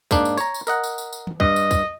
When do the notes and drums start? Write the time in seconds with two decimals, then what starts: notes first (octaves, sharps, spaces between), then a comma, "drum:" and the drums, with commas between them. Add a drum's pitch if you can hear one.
0.11 G#2 A#3 D4, drum: kick, tambourine
0.25 drum: tambourine
0.38 C#5 A#5, drum: tambourine
0.54 drum: tambourine
0.67 A#4 D#5 F#5, drum: tambourine
0.83 drum: tambourine
0.98 drum: tambourine
1.13 drum: tambourine
1.27 drum: tom D#3
1.40 G2 D#5, drum: kick
1.56 drum: tambourine
1.71 drum: kick, tambourine